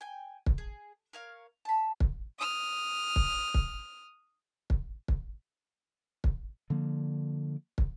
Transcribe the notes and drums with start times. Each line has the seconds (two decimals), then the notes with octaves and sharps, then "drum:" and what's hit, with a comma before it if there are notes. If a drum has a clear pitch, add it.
0.01 G5 G#5
0.46 drum: kick
0.58 G#4
1.13 A#4 C#5 F5
1.65 A5 B5
2.00 drum: kick
2.39 D#6 F6
3.16 drum: kick
3.54 drum: kick
4.70 drum: kick
5.08 drum: kick
6.24 drum: kick
6.70 D3 F3 A#3
7.78 drum: kick